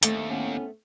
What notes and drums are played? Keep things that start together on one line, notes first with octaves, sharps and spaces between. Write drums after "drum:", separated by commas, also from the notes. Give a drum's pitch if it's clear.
D#2 A3 C4 D4, drum: hi-hat
A2 B3 C#4